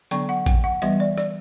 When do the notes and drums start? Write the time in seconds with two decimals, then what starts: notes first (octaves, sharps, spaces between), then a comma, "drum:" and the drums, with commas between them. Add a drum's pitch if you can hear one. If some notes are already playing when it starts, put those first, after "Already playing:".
0.11 D3 F#3 B3 D4 G5, drum: hi-hat
0.29 F#5
0.46 G5, drum: kick A1, hi-hat
0.64 F#5
0.82 E3 G3 B3 E5, drum: hi-hat
1.00 D5
1.18 D5, drum: rim click